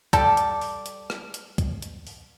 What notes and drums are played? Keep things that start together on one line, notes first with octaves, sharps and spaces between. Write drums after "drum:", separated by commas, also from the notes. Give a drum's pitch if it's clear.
G3 A4 D5, drum: kick, hi-hat
drum: hi-hat
drum: open hi-hat
drum: hi-hat
drum: rim click
drum: hi-hat
drum: kick, hi-hat
drum: hi-hat
drum: open hi-hat